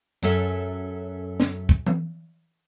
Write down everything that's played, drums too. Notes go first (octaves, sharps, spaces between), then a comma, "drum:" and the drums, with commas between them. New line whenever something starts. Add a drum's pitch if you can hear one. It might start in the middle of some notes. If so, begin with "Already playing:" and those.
F#2 F#3 C#4 A4 E5, drum: hi-hat
drum: snare
drum: kick
drum: tom E3